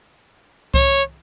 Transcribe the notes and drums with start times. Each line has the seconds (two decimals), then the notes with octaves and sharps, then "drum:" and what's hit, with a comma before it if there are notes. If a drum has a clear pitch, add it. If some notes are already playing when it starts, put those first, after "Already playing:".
0.74 C#5, drum: kick C2